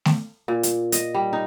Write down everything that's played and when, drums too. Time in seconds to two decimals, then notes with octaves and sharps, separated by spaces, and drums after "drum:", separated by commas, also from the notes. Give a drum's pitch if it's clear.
0.05 drum: snare A3
0.48 A#2
0.63 drum: hi-hat
0.92 D#5, drum: hi-hat
1.15 G3
1.33 D#4